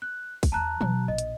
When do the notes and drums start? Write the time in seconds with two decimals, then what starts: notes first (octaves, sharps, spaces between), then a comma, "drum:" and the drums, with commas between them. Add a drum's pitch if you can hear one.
0.02 F#6
0.43 drum: kick, open hi-hat
0.52 E2 E3 A5 A#5 F#6
0.81 B2 F#3, drum: tom
1.08 A#1 D#5
1.18 drum: hi-hat